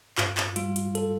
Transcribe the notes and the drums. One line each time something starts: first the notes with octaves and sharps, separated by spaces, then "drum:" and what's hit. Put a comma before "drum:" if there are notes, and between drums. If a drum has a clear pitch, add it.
G2 F4, drum: clap
drum: clap
G3 F4, drum: hi-hat
drum: hi-hat
A4, drum: hi-hat